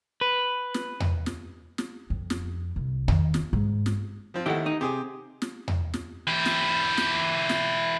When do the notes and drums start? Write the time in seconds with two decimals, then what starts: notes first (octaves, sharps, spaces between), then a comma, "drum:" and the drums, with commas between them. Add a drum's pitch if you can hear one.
0.21 B4
0.74 drum: snare
1.00 drum: tom E2
1.26 drum: snare
1.78 drum: snare
2.10 F2
2.30 drum: snare
2.76 C2
3.08 D#3, drum: tom E2
3.34 drum: snare
3.53 G#2
3.86 drum: snare
4.34 F3 C4 F4
4.46 D#2 A3 E4 G4 F#5
4.66 D#4
4.81 C3 G4 G#4 D#6
5.42 drum: snare
5.68 drum: tom E2
5.94 drum: snare
6.27 E3 G4
6.45 drum: snare
6.97 drum: snare
7.49 drum: snare